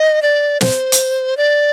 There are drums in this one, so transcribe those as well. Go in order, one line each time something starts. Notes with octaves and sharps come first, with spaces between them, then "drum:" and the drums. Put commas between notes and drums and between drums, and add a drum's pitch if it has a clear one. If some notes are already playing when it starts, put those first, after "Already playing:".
Already playing: D#5
D5
C5, drum: snare
drum: hi-hat
D5